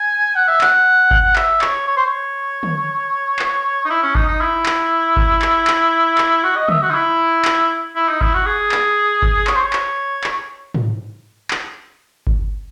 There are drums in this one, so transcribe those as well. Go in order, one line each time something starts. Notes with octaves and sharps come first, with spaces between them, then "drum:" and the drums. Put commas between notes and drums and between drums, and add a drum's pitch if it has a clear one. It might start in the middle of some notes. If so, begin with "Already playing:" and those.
Already playing: G#5
F#5
E5
F#5, drum: clap
drum: kick G1
E5, drum: clap
C#5, drum: clap
C#5
C5
C#5
drum: tom
drum: clap
D#4
E4
C#4
D#4, drum: kick G1
D#4
E4
drum: clap
drum: kick G1
drum: clap
drum: clap
drum: clap
F#4
D#5
E5, drum: tom
F#4
D#4
E4
drum: clap
E4
D#4
E4, drum: kick G1
F#4
G#4
drum: clap
drum: kick G1
C#5, drum: clap
C5
C#5
drum: clap
drum: clap
drum: tom
drum: clap
drum: kick G1